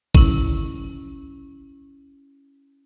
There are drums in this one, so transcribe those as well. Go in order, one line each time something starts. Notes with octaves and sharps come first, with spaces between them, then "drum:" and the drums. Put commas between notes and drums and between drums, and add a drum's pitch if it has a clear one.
C#4 E4, drum: kick